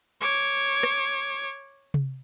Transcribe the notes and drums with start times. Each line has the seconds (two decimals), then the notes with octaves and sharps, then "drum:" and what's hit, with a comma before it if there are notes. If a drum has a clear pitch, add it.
0.21 C#5 D6
0.83 drum: rim click
1.94 drum: tom C3